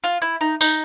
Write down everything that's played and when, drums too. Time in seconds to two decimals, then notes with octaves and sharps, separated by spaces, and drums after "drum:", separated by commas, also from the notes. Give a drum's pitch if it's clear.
0.04 F4
0.22 E4
0.41 D#4
0.61 D#4, drum: tambourine